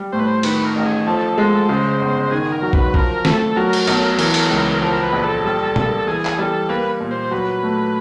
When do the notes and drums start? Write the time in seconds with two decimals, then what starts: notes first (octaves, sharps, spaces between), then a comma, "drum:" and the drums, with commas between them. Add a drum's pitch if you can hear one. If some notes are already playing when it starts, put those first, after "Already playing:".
Already playing: G3
0.12 A2 C5
0.19 B4
0.27 C5
0.43 D#3 B4, drum: cymbal
0.65 A#4
0.76 A1
0.85 G#4
1.07 F3 A4
1.38 G#3
1.69 C#3 C5
2.01 G1
2.31 D#3 G#4
2.52 A#4
2.62 F#3
2.73 B4, drum: kick
2.94 F3 A#4, drum: kick
3.25 A3 A4, drum: snare
3.56 F#3 A#4
3.73 drum: cymbal
3.87 B1, drum: cymbal
4.19 E3 A#4, drum: cymbal
4.34 drum: cymbal
4.51 C#2
4.82 F3 A#4
5.03 B4
5.13 A#1
5.23 A4
5.45 G3
5.76 A#3, drum: tom
6.07 E3 G#4
6.25 drum: clap
6.38 G3 A4
6.69 A#3 B4
7.00 A#2
7.11 C5
7.31 F#3 B4
7.63 A3